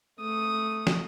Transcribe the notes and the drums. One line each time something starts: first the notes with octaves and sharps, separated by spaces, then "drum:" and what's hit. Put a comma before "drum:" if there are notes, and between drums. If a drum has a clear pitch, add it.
A3 D#6
drum: snare